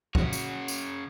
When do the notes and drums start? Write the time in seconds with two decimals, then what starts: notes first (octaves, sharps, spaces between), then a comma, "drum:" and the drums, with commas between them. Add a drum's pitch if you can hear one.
0.15 C#3 F#4, drum: kick
0.33 drum: tambourine
0.68 drum: tambourine